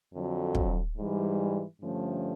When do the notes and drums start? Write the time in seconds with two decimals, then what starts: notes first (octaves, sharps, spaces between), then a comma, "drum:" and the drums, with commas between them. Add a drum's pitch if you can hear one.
0.13 F2 D3 F#3
0.55 drum: kick
0.96 G#2 E3 G3
1.79 G2 D3 F3 A3 C#4